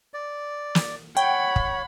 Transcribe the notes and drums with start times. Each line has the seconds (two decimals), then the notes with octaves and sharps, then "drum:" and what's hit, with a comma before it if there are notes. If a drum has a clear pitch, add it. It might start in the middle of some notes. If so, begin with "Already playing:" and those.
0.14 D5
0.75 drum: snare
1.17 C#5 F#5 G5 B5
1.56 drum: kick